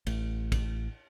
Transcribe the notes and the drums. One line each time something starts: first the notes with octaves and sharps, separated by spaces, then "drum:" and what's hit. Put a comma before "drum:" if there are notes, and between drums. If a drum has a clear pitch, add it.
A1, drum: cymbal
drum: kick, cymbal